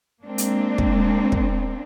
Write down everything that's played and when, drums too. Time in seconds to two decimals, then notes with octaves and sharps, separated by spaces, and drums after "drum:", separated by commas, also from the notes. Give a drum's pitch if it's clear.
0.25 G#3 A#3 C4 D4
0.38 drum: hi-hat
0.78 drum: kick
1.32 drum: kick